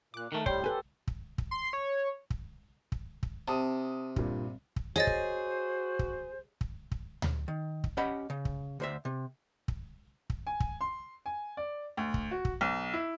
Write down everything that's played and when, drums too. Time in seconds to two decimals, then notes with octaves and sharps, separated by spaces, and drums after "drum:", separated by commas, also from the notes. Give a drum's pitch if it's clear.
0.14 A#2 D6 F#6
0.32 D#3 A3 A#4
0.46 A2 G3 C5 C#5 G5, drum: kick
0.64 G4 A4 B4 G#5
1.07 drum: kick
1.38 drum: kick
1.51 C6
1.73 C#5
2.30 drum: kick
2.92 drum: kick
3.23 drum: kick
3.48 C3 A5 D#6 D#7
4.16 G2 A#2, drum: kick
4.76 drum: kick
4.96 F#4 G#4 C5 C#5 D#5 A6
5.07 drum: kick
5.99 drum: kick
6.61 drum: kick
6.91 drum: kick
7.22 drum: tom D2
7.48 D#3
7.84 drum: kick
7.97 C#4 G4 D#5 F#5 B5
8.30 C#3
8.45 drum: kick
8.80 D2 C5 E5
9.05 C3
9.68 drum: kick
10.30 drum: kick
10.47 G#5
10.60 drum: kick
10.81 C6
11.26 G#5
11.57 D5
11.97 D2
12.14 drum: kick
12.31 F#4
12.45 drum: kick
12.61 B1
12.93 E4